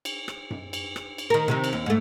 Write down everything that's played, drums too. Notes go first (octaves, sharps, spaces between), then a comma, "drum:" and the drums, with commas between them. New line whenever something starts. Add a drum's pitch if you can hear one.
drum: cymbal
drum: rim click
drum: tom F#2
drum: cymbal
drum: rim click
drum: cymbal
D#3 A#4
C3 D#3 D#4
drum: cymbal
D#2
G#2 A3